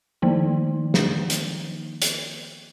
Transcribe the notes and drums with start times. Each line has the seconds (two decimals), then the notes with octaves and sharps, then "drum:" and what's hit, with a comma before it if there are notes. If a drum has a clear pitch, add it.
0.22 D#3 F3 A#3 D#4
0.94 drum: snare
1.30 drum: hi-hat
2.02 drum: hi-hat